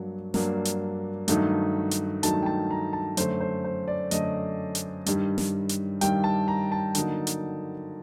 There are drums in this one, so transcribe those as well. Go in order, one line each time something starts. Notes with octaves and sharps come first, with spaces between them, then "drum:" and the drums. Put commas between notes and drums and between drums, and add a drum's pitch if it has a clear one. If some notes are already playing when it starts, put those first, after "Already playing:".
Already playing: G2 F#3 A#3 D4
G2 F#3 A#3 D4, drum: snare
drum: hi-hat
G2 D#3 F#3 A3 D#4, drum: hi-hat
drum: hi-hat
G2 D#3 F#3 A3 D#4 A5, drum: hi-hat
G5
A5
A#5
A5
F#2 D3 A3 C5, drum: hi-hat
C5
C5
D5
F#2 D3 A3 D#5, drum: hi-hat
drum: hi-hat
G2 D#3 G3, drum: hi-hat
drum: snare
drum: hi-hat
G2 D#3 G3 G5, drum: hi-hat
A5
A#5
A5
D3 F#3 A#3 D#4, drum: hi-hat
drum: hi-hat